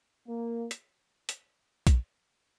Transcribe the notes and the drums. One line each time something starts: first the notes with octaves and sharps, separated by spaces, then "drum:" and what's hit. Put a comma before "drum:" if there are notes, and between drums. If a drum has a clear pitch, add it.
A#3
drum: hi-hat
drum: hi-hat
drum: kick A#1, hi-hat